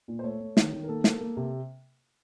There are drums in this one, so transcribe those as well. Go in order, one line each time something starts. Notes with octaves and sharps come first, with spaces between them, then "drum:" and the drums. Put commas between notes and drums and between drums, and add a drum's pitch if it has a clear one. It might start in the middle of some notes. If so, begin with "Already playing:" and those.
A#2
C5
A3 C#5
A3
D#3, drum: snare
D#3
A#4
A#3 A4
A#3, drum: snare
A#3
C3